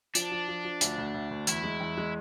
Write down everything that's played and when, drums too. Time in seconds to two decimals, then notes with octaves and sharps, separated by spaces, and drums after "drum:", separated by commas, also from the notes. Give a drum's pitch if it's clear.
0.15 F3 D4, drum: hi-hat
0.32 F3
0.48 F3
0.65 F3
0.81 D2, drum: hi-hat
0.98 D2
1.14 D2
1.31 D2
1.47 E2 E4, drum: hi-hat
1.64 G#3
1.80 E2
1.98 G#3